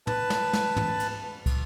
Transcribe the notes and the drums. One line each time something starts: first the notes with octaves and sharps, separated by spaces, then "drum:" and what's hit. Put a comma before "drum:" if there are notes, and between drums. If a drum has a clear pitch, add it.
B4 A5, drum: tom
drum: snare
drum: snare
drum: tom
drum: cymbal
drum: kick, cymbal